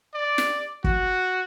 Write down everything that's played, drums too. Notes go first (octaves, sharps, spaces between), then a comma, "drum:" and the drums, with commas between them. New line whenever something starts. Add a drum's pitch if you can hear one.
D5
drum: snare
F#4, drum: kick